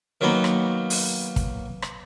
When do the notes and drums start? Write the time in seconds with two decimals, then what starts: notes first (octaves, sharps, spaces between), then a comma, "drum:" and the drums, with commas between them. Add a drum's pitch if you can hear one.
0.21 D#3 F#3 A#3 B3 D#4
0.44 drum: rim click
0.90 drum: open hi-hat
1.36 drum: kick, hi-hat
1.82 drum: rim click